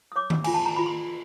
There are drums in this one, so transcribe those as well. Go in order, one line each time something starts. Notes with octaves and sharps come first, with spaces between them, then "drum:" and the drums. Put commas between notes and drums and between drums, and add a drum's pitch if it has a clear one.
D#6
C#5 D6
drum: tom D#3
F4 G#5, drum: cymbal
A5
A#5
F4 B5
C6